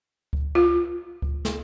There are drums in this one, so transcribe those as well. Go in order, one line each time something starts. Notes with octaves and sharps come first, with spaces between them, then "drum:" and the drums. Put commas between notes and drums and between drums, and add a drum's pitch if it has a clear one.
drum: kick C#2
F4
drum: kick C#2
drum: snare